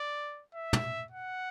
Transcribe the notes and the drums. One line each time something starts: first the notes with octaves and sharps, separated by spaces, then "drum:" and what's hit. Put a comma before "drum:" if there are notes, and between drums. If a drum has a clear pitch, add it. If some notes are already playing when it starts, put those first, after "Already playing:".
Already playing: D5
E5
drum: tom
F#5